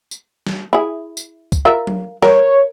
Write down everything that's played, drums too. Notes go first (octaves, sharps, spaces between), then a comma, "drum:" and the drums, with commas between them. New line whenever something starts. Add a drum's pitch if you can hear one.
drum: tambourine
drum: snare
E4 G#4
drum: tambourine
drum: kick C2, tambourine
F4 A#4 E5
drum: tom F#3
A#4 C#5, drum: snare